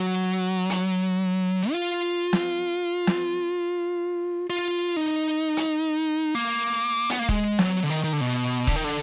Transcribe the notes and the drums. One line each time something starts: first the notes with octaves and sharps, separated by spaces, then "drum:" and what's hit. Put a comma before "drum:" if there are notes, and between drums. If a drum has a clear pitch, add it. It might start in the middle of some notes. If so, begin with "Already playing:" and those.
Already playing: F#3
drum: hi-hat
F4
drum: snare
drum: snare
F4
D#4
drum: hi-hat
A#3
B3, drum: hi-hat
A#3
G#3, drum: kick D#1
F#3, drum: snare
D3
D#3
D#3
D3
B2
D3, drum: kick D#1
D#3
D3